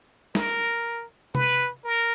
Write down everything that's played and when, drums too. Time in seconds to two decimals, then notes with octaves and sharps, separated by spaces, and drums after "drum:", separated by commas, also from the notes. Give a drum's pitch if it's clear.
0.35 A#4, drum: snare
0.49 drum: hi-hat
1.35 B4, drum: tom C3
1.85 A#4